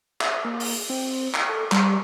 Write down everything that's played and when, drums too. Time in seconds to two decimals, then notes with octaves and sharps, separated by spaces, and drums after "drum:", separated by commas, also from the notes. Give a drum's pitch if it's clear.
0.21 E5, drum: clap
0.45 A#3
0.60 drum: open hi-hat
0.90 C4
1.35 drum: clap
1.49 A4
1.72 G3, drum: clap